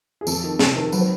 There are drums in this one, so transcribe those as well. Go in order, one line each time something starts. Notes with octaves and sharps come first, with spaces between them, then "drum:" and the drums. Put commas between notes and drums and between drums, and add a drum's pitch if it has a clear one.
G#4
F2 A4, drum: tambourine
D#3
C3 A4, drum: snare
D#3 A#4
F#3 B4, drum: tambourine
C5